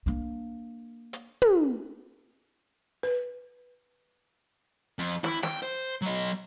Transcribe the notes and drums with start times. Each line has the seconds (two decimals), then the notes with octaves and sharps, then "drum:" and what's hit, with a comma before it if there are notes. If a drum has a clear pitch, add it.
0.06 A#3 D4
1.13 drum: hi-hat
1.42 drum: tom
3.03 B4
4.99 F2
5.24 E4, drum: snare
5.43 G5, drum: snare
5.63 C5
6.02 F#3 D#5